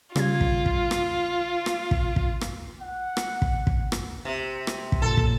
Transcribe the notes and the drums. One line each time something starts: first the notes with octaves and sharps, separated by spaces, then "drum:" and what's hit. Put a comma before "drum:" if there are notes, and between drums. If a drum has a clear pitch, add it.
C#3 G3 F4 G#6, drum: rim click
drum: kick
drum: kick
drum: rim click
drum: rim click
drum: kick
drum: kick
drum: rim click
F#5
drum: rim click
drum: kick
drum: kick
drum: rim click
C3
drum: rim click
drum: kick
F#2 A#2 A4
drum: kick